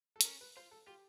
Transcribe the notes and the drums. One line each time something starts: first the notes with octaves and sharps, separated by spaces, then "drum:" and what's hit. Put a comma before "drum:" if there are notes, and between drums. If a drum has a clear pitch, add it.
A4
C4, drum: hi-hat
C#4 A#4
B4
F4 C5
A4
F4 G4